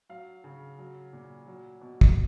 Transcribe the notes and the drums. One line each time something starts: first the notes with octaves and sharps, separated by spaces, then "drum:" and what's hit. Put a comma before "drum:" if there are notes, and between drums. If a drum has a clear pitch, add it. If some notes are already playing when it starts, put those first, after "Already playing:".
F#3 F5
C#3
F#3
A#2
F#3
B2
drum: kick